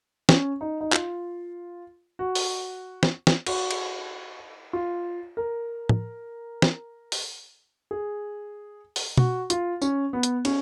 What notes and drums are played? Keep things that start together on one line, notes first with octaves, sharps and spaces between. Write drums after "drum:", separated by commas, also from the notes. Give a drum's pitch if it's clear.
C#4, drum: snare
D#4
D#4
F4, drum: clap
F#4
drum: open hi-hat
drum: snare
drum: snare
F#4, drum: cymbal
drum: cymbal
F4
A#4
drum: tom
drum: snare
drum: open hi-hat
G#4
drum: open hi-hat
F#4, drum: tom B2
F4, drum: hi-hat
C#4, drum: tambourine
B3
drum: hi-hat
C#4, drum: cymbal